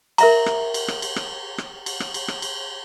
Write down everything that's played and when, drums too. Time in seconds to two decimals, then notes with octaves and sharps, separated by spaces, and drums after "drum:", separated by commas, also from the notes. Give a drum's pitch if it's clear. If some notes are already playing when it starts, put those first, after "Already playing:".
0.18 A#4 E5 A#5, drum: cymbal
0.46 drum: rim click
0.74 drum: cymbal
0.88 drum: rim click
1.02 drum: cymbal
1.16 drum: rim click
1.58 drum: rim click
1.86 drum: cymbal
2.00 drum: rim click
2.14 drum: cymbal
2.28 drum: rim click
2.42 drum: cymbal